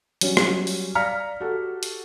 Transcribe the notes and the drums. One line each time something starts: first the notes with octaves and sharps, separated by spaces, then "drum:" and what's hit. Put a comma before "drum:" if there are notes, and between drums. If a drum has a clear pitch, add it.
F#3 G3 C#4, drum: hi-hat
drum: rim click
drum: open hi-hat
D5 F5 A#5 F6 B6 C#7
F#4 G4 A4
drum: hi-hat